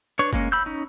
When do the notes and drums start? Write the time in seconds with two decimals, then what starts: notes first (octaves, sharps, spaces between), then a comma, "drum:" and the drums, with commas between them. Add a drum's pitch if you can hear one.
0.19 D4 B4 C#5 C#6
0.33 G#3 A#3 C#4, drum: kick F#1, hi-hat
0.52 B5 E6 G6
0.66 C#4 D#4